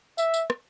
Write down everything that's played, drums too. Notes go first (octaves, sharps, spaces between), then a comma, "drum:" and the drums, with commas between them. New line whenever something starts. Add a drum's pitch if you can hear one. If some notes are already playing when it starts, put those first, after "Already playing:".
E5, drum: tambourine
drum: tambourine
drum: rim click